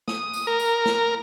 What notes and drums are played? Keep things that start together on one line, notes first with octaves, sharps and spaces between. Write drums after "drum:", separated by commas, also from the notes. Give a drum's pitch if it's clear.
D#6, drum: snare
drum: tambourine
A#4
drum: tambourine
drum: snare